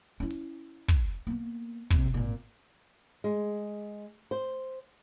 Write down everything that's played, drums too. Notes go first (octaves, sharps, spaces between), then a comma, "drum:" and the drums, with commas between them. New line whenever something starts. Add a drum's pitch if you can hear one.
C#4 E4
drum: open hi-hat
drum: kick
A#3 B3
A#1 C3, drum: kick
G#1 A#2
G#3
C5